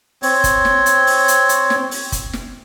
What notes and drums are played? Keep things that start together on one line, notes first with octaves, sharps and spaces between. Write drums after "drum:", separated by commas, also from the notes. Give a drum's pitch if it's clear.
C4 C#5, drum: open hi-hat
drum: kick F#1, hi-hat
drum: snare
drum: hi-hat
drum: open hi-hat
drum: hi-hat
drum: hi-hat
drum: snare
drum: open hi-hat
drum: kick F#1, hi-hat
drum: snare